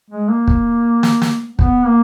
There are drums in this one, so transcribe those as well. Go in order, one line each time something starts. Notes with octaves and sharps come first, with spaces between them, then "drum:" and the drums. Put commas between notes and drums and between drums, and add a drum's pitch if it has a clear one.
G#3
A#3
drum: kick
drum: snare
drum: snare
B3, drum: kick
A#3